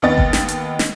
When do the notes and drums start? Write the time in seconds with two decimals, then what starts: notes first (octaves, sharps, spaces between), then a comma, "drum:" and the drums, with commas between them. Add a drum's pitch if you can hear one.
0.02 D#2 B3 D#5 A6
0.18 drum: kick G1
0.33 drum: snare
0.48 drum: hi-hat
0.79 drum: snare